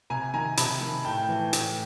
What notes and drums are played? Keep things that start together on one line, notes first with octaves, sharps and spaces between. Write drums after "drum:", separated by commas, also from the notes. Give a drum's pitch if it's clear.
C3 G#5 A#5
D#3 G#5 A#5
C3 A5 B5, drum: hi-hat
D#3
A2 G5 A5
E3
A2, drum: hi-hat